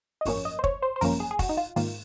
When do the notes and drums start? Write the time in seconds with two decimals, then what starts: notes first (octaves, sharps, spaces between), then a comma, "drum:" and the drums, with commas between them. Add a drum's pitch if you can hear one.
0.21 D#5
0.25 G#1 F#2 F3 A#3 C#4 C#5, drum: open hi-hat
0.45 D#5
0.59 C5
0.64 C#5, drum: kick
0.82 C5
0.96 C5
1.01 G#1 F#2 F3 A#3 C#4 A#4, drum: open hi-hat
1.20 G#4
1.31 G#4
1.39 F#4, drum: kick, open hi-hat
1.49 D#4
1.57 F4
1.76 G#2 D#3 A#3 F4, drum: open hi-hat